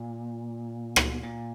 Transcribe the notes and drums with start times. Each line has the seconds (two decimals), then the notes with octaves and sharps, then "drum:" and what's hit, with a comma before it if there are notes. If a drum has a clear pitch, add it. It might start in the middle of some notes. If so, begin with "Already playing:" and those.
Already playing: A#2
0.96 drum: rim click
1.23 A#2